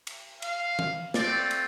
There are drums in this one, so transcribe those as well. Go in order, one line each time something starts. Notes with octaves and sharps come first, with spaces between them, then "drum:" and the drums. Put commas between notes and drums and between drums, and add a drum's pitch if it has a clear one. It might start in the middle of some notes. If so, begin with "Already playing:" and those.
drum: cymbal
F5, drum: cymbal
drum: tom E3
A3 C4 F4 D5, drum: snare
drum: cymbal